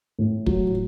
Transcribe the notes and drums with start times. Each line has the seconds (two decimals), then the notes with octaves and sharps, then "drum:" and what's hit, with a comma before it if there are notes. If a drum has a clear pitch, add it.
0.19 A2
0.46 F#3, drum: kick